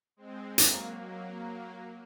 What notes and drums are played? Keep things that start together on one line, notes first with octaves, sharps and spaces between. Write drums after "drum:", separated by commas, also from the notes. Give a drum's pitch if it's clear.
G#3 C4
F#3 A#3, drum: hi-hat
F#3 A#3